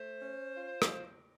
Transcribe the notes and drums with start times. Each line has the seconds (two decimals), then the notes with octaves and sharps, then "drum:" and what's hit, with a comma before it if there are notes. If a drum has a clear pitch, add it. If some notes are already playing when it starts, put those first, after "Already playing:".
Already playing: A3 C5
0.21 C#4
0.57 F4
0.82 drum: rim click